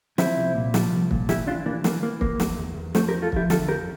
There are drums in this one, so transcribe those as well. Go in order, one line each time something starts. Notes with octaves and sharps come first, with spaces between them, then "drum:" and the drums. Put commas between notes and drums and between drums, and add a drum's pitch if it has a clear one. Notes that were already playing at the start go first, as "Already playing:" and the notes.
F3 C4 E4, drum: snare
C2
A#2
F3, drum: snare
C2
A#2, drum: kick
E3 E4 G4, drum: snare
E3 D4 F4
E3 A#3 D4
E3 A#3, drum: snare
E3 A#3
E2 A#3, drum: kick
E2, drum: snare
E2
E2
F3 A3 C4, drum: snare
G4 A#4
E2
F4 A4
F3 E4 G4, drum: kick
D3 F4 A4, drum: snare
F2 G4 A#4